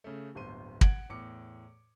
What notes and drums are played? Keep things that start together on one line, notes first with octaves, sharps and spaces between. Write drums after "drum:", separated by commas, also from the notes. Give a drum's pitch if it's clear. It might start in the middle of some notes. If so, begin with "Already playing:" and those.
C#3 A3
D1 G1 C5 C6 D#7
F#5 G#6 D7 F#7, drum: kick
E2 A2 D6 C#7